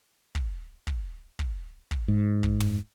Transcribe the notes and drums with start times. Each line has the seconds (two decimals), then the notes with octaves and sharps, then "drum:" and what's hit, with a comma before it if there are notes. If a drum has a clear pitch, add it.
0.35 drum: kick
0.87 drum: kick
1.39 drum: kick
1.91 drum: kick
2.08 G#2
2.43 drum: kick
2.60 drum: tom